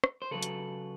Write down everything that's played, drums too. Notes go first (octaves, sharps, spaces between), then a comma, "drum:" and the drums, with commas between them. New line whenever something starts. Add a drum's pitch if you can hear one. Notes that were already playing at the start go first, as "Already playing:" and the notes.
drum: rim click
C5
C#3 F#3 A4 B4
drum: hi-hat